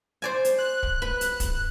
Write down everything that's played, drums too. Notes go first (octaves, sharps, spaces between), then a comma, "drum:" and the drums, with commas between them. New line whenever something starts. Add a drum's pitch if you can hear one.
C5 D5 G#5
drum: hi-hat
F#6
drum: kick
B4
drum: hi-hat
drum: kick, hi-hat